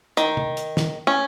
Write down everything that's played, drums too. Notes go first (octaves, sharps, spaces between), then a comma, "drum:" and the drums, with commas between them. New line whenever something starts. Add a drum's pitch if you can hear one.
D#3, drum: hi-hat
drum: tom
drum: hi-hat
drum: snare
C#4